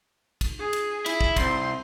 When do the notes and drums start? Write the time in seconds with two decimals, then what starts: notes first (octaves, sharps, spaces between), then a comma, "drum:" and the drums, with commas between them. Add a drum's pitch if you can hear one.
0.41 drum: kick, cymbal
0.59 G#4
0.73 drum: cymbal
1.06 E4, drum: cymbal
1.21 drum: kick
1.36 C2 C4 C6, drum: kick, cymbal